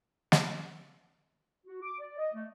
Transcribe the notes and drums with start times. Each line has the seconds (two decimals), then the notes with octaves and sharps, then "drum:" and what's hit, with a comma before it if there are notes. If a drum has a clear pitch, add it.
0.32 drum: snare
1.67 F#4
1.82 D6
1.99 D5
2.18 D#5
2.33 A3